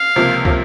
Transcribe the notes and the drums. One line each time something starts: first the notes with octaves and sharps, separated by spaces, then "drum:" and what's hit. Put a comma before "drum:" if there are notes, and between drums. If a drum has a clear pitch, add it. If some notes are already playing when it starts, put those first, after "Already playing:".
Already playing: F5
C#2 C3 F3 A#3
C3 F3 A#3, drum: kick